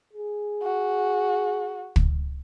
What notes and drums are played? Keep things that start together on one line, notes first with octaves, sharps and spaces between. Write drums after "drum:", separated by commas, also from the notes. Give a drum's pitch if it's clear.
G#4
F#4
drum: kick